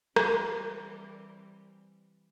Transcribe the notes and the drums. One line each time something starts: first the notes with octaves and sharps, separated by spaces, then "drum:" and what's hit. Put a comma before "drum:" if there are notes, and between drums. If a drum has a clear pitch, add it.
E3 G3 C4, drum: rim click